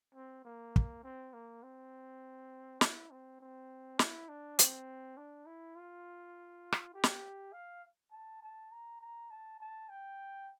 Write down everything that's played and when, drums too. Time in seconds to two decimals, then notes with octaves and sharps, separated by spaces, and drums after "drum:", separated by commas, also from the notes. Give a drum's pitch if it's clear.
0.15 C4
0.45 A#3
0.76 drum: kick
1.03 C4
1.33 A#3
1.63 C4
2.81 E4, drum: snare
3.11 C4
3.40 C4
3.99 E4, drum: snare
4.29 D4
4.59 C4, drum: hi-hat
5.17 D4
5.46 E4
5.76 F4
6.72 drum: rim click
6.94 G4
7.04 drum: snare
7.53 F5
8.12 A5
8.42 A5
8.72 A#5
9.01 A#5
9.31 A5
9.60 A5
9.89 G5